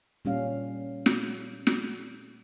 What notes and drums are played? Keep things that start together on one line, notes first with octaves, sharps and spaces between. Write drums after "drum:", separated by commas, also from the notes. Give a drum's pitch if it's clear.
A#2 G3 C#4 F5
drum: snare
drum: snare